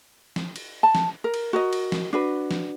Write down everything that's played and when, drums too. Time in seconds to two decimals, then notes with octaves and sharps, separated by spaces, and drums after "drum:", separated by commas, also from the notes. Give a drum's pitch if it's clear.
0.36 drum: snare
0.56 drum: cymbal
0.83 A5
0.95 drum: snare
1.24 A#4
1.34 drum: cymbal
1.53 F#4 A#4 D#5
1.73 drum: cymbal
1.92 drum: snare
2.13 D4 F#4 B4
2.51 drum: snare